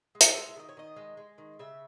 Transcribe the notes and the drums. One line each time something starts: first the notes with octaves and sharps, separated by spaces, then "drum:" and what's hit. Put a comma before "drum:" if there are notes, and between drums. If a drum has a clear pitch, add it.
G#3
E5, drum: hi-hat
G#3
E5
D#3 D#5
C#5
D#3 D#5
G#3
G#3
D#3
C#3 E5